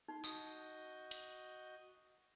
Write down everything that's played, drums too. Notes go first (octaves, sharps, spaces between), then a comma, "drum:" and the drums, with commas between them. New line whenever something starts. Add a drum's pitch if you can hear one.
D#4 C6
F#4 D#5 D#6 G6, drum: tambourine
drum: hi-hat